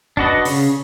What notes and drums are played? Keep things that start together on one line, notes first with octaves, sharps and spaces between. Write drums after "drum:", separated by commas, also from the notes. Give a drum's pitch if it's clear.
D4 F#4 B4 D#5, drum: kick
C#3, drum: open hi-hat